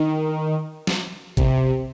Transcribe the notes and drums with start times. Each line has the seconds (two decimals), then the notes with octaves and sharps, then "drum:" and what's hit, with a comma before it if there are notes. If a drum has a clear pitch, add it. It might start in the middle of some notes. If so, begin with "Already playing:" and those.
Already playing: D#3
0.87 drum: snare
1.37 C3, drum: kick, hi-hat